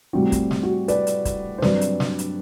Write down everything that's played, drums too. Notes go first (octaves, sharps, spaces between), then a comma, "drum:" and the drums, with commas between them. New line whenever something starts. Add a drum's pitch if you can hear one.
A2 G3 C4 F#4
drum: kick, hi-hat
drum: snare
F#4
B4 D5, drum: hi-hat
drum: hi-hat
drum: kick, hi-hat
C5
G2 F#3 C4 B4 D5, drum: snare
drum: hi-hat
drum: snare
drum: hi-hat